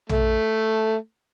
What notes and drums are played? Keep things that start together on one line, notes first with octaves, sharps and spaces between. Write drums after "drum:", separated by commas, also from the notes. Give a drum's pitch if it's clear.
A3, drum: tom A#1